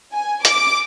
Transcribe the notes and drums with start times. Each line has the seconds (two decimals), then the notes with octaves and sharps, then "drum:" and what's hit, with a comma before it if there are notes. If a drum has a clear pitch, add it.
0.14 G#5
0.45 D6, drum: hi-hat